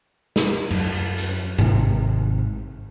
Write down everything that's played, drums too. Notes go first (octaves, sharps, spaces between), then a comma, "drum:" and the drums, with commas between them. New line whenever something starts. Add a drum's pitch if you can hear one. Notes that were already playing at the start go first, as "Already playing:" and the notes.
drum: snare
F#2 F#3, drum: cymbal
drum: hi-hat
G#1 C3, drum: tom G2